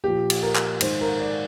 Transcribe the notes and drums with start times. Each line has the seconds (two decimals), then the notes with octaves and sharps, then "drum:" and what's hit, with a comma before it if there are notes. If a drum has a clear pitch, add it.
0.04 A#2 F3 G4
0.30 drum: cymbal
0.43 A#4
0.55 drum: clap
0.81 G#2 D#3 C5, drum: cymbal
1.01 A#4
1.20 D5